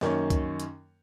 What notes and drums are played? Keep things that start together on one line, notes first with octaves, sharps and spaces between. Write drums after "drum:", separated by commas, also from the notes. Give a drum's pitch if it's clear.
F#2 D#3 A#3 C#4, drum: snare
drum: kick C2, hi-hat
drum: hi-hat